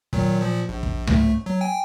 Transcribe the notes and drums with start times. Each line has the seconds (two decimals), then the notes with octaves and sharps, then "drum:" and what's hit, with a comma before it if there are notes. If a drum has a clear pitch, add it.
0.13 A#2 D#3 F#3, drum: kick
0.41 A#2 F3
0.69 A#1
0.83 drum: kick
1.07 A3, drum: tom C#2
1.46 F#3
1.61 G5 G#5